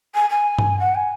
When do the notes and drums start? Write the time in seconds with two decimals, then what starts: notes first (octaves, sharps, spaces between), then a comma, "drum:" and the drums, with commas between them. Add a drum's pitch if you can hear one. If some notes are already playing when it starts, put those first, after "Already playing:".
0.14 G#5
0.29 G#5
0.59 drum: tom G2
0.78 F#5
0.95 G#5